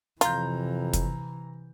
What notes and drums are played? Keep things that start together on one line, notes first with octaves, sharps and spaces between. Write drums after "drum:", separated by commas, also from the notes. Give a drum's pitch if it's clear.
F2 C3 E3 F4 A#5 G6, drum: hi-hat
drum: kick, hi-hat